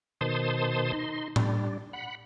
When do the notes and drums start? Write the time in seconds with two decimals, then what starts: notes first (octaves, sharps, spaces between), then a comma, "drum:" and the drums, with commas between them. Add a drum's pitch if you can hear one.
0.21 B2 D#3 C5 A5 C6 D#6
0.93 D#4 C6
1.36 G3 D4, drum: tom A2
1.93 F#5 B5